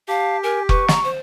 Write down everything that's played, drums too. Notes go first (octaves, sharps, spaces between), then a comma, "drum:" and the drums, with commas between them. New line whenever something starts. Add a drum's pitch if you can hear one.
G4 F5 A5
A#4 G#5
B4 C#6, drum: kick F1
A#5, drum: snare
C5